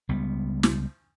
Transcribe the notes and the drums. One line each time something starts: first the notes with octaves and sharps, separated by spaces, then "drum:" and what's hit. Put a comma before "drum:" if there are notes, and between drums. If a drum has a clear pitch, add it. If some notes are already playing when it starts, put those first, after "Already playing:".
C#2 G3 B3
drum: snare